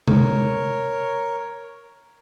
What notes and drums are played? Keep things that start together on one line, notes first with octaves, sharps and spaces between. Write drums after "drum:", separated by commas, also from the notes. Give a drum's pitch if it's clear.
A#4 C#5, drum: tom C3